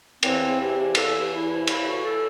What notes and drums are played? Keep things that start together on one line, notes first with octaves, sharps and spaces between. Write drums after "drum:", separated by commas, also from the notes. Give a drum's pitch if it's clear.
E2 C4, drum: cymbal
E2
C3 G4
E2
E2 A4, drum: cymbal
E2 G4
E3 E4
C3 E4
E3 E4, drum: cymbal
A2 F#4
A2 A4